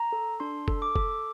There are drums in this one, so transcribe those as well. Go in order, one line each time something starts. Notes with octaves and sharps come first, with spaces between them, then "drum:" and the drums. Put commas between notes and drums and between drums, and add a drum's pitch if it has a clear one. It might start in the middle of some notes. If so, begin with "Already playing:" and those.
Already playing: A#5
A4
D4 C6
A4, drum: kick F#1
D6
A4, drum: kick F#1